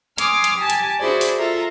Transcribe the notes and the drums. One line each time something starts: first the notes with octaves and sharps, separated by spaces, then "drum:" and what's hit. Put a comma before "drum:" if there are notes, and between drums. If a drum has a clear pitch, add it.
G#5 C6 D6 D#6 F6 G#6, drum: hi-hat
drum: hi-hat
G4 G#5 A5
drum: hi-hat
D4 E4 F#4 G#4 C5 D5
drum: open hi-hat
F4 A4 E5 A#5